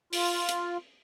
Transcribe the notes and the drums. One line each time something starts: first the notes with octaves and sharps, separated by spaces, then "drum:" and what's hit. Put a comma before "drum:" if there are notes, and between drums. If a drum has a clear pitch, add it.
F4, drum: open hi-hat
drum: hi-hat